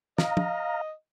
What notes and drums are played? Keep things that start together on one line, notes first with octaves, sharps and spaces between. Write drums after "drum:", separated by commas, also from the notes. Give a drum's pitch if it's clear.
D#5 F5 A#5, drum: snare
drum: tom